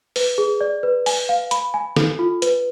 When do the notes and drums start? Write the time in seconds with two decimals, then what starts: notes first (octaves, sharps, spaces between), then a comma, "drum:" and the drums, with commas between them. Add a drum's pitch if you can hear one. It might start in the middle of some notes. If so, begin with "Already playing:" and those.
0.16 B4, drum: open hi-hat
0.38 G#4
0.61 D5
0.83 B4
1.06 G#5, drum: open hi-hat
1.29 F5
1.51 B5, drum: hi-hat
1.74 G#5
1.96 A4, drum: snare
2.19 F4
2.42 B4, drum: hi-hat